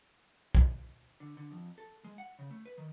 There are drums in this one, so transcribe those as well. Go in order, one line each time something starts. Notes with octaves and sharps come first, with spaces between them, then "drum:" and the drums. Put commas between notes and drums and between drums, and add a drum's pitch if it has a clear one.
drum: kick B1
D3
D3
F2
A4
G#3
F#5
C#3
A3
B4
D#3